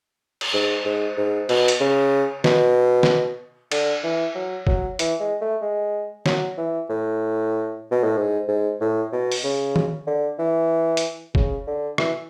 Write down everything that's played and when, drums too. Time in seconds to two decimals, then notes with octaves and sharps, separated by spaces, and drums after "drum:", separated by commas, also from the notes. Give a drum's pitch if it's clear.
0.41 drum: cymbal
0.54 G#2
0.85 G#2
1.18 G#2
1.49 B2, drum: cymbal
1.68 drum: hi-hat
1.80 C#3
2.44 B2, drum: snare
3.03 drum: snare
3.71 D3, drum: cymbal
4.04 E3
4.34 F#3
4.67 F#3, drum: kick
4.99 E3, drum: hi-hat
5.20 G#3
5.41 A3
5.62 G#3
6.26 F#3, drum: snare
6.58 E3
6.90 A2
7.91 B2
8.03 A2
8.17 G#2
8.48 G#2
8.81 A2
9.13 B2
9.32 drum: open hi-hat
9.44 C#3
9.76 drum: tom D#3
10.07 D3
10.39 E3
10.97 drum: hi-hat
11.35 C#3, drum: kick
11.67 D3
11.98 E3, drum: rim click